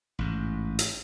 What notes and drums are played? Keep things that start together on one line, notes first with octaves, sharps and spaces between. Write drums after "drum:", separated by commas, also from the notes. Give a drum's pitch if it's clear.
A1 G#2
drum: hi-hat